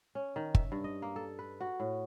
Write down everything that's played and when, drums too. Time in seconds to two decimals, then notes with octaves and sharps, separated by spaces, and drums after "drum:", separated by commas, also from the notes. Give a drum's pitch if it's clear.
0.15 C#4
0.36 D#3
0.55 E5, drum: kick
0.72 G2
0.84 D#5
1.02 A#3
1.16 A4
1.39 B4
1.61 F#4
1.80 A2